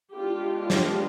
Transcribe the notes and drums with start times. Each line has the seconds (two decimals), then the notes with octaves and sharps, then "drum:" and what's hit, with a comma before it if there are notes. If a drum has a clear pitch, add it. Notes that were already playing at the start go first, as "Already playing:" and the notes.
0.17 G#3 B3 D4 F4 G4
0.59 F4 G4
0.70 drum: snare